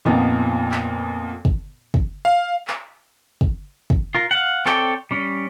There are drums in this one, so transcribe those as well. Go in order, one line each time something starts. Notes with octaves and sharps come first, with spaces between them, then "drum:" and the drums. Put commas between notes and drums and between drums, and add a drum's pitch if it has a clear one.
F2 A#2 F3 B3 D#4
drum: clap
drum: kick
drum: kick
F5
drum: clap
drum: kick
drum: kick
F4 A#4
F5 F#5
C4 A4 C#5 D5 G5, drum: clap
G3 C#4